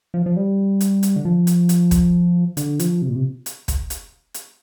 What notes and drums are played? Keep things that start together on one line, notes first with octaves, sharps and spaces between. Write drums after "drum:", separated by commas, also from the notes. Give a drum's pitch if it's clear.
F3
F3
G3
drum: hi-hat
drum: hi-hat
D3
F3
drum: hi-hat
drum: hi-hat
drum: kick, hi-hat
D3, drum: hi-hat
F3, drum: hi-hat
C3
A#2
C3
drum: hi-hat
drum: kick, hi-hat
drum: hi-hat
drum: hi-hat